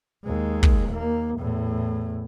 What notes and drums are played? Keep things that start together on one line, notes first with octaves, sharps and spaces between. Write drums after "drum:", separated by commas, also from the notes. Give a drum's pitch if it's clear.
D#2 G#3
drum: kick
D#2 A#3
E2 A2